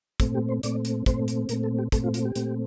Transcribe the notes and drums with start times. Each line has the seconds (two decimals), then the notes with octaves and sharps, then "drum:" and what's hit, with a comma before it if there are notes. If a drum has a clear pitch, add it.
0.20 A#2 A3 C4, drum: kick, hi-hat
0.34 G4
0.49 C5
0.63 A#2 A3 C4 D5, drum: hi-hat
0.85 drum: hi-hat
1.06 A#2 A3 C4 C5, drum: kick, hi-hat
1.28 drum: hi-hat
1.49 A#2 A3 C4 A#4, drum: hi-hat
1.63 A4
1.79 G4
1.92 A#2 A3 C4 A4, drum: kick, hi-hat
2.04 F4
2.14 F4, drum: hi-hat
2.25 G4
2.35 A#2 A3 C4, drum: hi-hat